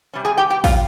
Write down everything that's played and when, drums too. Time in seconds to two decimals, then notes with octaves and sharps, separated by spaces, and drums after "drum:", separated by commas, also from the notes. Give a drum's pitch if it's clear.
0.13 C3 G3 C#4
0.25 G#4 G#5
0.37 G4 G5
0.50 G4 G5
0.64 F4 F5, drum: kick, open hi-hat